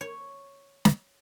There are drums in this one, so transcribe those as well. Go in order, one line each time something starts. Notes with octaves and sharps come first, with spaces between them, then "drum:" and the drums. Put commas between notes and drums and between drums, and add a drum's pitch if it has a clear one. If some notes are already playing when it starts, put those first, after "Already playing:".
C#5
drum: snare